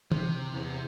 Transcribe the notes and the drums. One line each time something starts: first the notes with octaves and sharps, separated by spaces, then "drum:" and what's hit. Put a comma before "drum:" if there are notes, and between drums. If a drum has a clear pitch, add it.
C3, drum: tom
E2